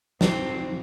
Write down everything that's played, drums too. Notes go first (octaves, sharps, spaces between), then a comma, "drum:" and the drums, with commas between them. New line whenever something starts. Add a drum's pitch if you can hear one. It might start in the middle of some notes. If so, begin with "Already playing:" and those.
C4, drum: snare